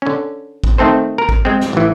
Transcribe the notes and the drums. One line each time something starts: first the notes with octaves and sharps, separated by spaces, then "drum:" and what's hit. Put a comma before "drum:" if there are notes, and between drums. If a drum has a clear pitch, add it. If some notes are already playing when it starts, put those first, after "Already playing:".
D3 C#4
drum: kick
D#3 A3 C4 A4 C5
A#4
drum: kick
G#3 C4
drum: snare
A1 E3